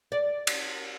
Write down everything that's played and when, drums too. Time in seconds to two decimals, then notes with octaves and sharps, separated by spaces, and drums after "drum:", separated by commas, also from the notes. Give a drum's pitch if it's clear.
0.12 D5
0.47 drum: cymbal